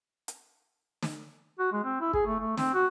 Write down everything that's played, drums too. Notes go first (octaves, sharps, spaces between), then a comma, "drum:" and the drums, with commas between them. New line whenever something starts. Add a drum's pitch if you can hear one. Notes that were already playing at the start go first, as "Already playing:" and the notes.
drum: hi-hat
drum: snare
F#4
G#3
C4
E4
G#4, drum: kick
A3
A3
C4, drum: snare
F#4